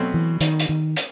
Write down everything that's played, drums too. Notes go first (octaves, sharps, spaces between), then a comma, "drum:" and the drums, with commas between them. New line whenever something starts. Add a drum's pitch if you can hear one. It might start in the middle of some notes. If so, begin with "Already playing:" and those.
Already playing: B2 F#3 A3 C4
E3
D#3, drum: hi-hat
drum: hi-hat
D#3
drum: hi-hat